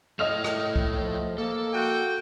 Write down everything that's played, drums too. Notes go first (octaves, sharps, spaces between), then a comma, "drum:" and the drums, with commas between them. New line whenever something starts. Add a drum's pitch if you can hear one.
A3 C#5 D#5 F6 F7
drum: rim click
drum: kick C2
F3
A#3 A4
F#4 G5